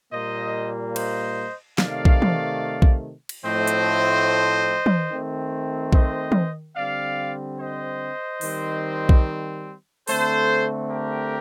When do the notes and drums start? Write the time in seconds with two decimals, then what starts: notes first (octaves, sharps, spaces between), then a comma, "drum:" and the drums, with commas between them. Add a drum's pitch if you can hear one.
0.12 A#2 G3 A#3 C5 D#5
0.96 C5 D#5, drum: cymbal
1.78 C3 D#3 A3 D5 F5, drum: snare
2.05 drum: kick B1
2.22 drum: tom
2.82 drum: kick B1
3.29 drum: cymbal
3.44 A2 F3 A3 C4 C5 D#5
3.67 drum: hi-hat
4.86 drum: tom
5.10 D#3 A3 C4
5.93 C5 D#5, drum: kick B1
6.32 drum: tom
6.76 D3 G3 C4 D5 F5
7.59 C5 D#5
8.41 D#3 G3 C4, drum: open hi-hat
9.09 drum: kick B1
10.08 D3 A3 C4 A4 C5, drum: open hi-hat
10.90 G4 A#4